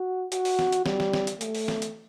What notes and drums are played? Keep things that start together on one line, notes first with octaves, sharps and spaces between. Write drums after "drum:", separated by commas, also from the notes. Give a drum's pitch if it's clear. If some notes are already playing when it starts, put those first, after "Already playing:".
Already playing: F#4
F#4, drum: hi-hat
drum: open hi-hat
drum: snare
drum: hi-hat
G3, drum: snare
drum: snare
drum: snare
drum: hi-hat
A3, drum: hi-hat
drum: open hi-hat
drum: snare
drum: hi-hat